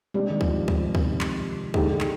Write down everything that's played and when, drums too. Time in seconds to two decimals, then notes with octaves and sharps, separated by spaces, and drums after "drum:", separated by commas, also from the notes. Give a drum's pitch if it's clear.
0.14 C3 G3 G#3 D4 G4
0.30 D#3
0.41 F3, drum: kick C#2
0.68 F3, drum: kick C#2
0.95 C3, drum: kick C#2
1.21 drum: clap
1.74 D3 G#3 D#4 G4, drum: kick C#2
2.01 drum: clap